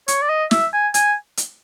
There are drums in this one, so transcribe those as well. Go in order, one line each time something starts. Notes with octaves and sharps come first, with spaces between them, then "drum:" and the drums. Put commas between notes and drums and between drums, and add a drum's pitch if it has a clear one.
C#5, drum: hi-hat
D5
D#5
E5, drum: snare
G#5
G#5, drum: hi-hat
drum: hi-hat